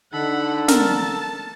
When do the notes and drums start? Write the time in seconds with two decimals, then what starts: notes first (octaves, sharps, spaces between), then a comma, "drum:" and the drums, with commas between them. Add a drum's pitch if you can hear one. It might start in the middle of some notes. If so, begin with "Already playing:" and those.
0.13 D3 D#4 A4 F#5 B5
0.68 A#4 A5, drum: snare